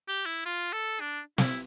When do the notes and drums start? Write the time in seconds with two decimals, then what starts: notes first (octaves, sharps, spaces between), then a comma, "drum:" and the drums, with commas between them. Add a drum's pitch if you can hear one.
0.08 G4
0.26 E4
0.45 F4
0.73 A4
1.00 D4
1.38 E4, drum: snare